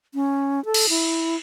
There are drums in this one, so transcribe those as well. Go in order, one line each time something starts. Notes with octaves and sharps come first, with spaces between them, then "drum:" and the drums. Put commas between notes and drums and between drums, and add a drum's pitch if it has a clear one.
C#4
A4
drum: cymbal
E4